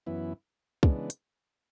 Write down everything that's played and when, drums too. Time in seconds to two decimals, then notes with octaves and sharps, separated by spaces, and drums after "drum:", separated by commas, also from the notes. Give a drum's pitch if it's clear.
0.07 F#2 E3 B3 E4
0.83 C#3 E3 G#3 B3 D4, drum: kick
1.10 drum: hi-hat